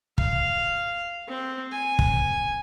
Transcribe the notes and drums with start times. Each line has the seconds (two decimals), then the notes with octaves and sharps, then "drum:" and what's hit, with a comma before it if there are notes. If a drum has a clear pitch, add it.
0.18 F5, drum: kick
1.28 C4
1.72 G#5
1.99 drum: kick